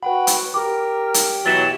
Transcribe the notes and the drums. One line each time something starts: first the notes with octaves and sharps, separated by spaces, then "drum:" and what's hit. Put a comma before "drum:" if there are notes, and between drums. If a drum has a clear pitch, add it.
F#4 B4 F#5 G5 B5
drum: hi-hat
G4 A#4 G5 D6
drum: hi-hat
B2 E3 F#3 A6 B6 E7